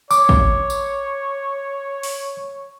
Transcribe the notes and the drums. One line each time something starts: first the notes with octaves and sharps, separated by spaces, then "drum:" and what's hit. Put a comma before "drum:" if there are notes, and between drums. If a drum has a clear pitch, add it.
C#5 D6, drum: tambourine
drum: kick
drum: tambourine
drum: open hi-hat